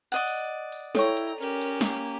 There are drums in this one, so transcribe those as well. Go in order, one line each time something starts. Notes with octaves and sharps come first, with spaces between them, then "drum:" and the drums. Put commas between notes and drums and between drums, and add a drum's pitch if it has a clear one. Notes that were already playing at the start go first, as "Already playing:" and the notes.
D5 D#5 F#5
drum: open hi-hat
drum: open hi-hat
E4 A4 C#5 G5 A#5 C#6, drum: snare
drum: hi-hat
C#4 G4 A#4
drum: hi-hat
A#3, drum: snare